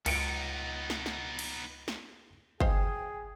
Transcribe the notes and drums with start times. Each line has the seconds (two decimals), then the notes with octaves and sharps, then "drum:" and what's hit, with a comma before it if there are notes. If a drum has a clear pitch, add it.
0.06 C#2 B3 D#4 C#7 D7, drum: cymbal
0.90 drum: snare
1.06 drum: snare
1.39 drum: cymbal
1.88 drum: snare
2.60 G#4 C5 D#5 F5 G5, drum: kick G1